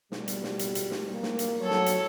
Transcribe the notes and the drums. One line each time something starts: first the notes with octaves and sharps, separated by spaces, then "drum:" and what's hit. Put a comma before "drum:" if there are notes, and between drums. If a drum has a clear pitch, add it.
B2 G3, drum: snare
drum: hi-hat
drum: snare
drum: hi-hat
drum: hi-hat
drum: snare
G3 A#3
drum: snare
drum: hi-hat
F#3 A4 C#5
drum: snare
drum: hi-hat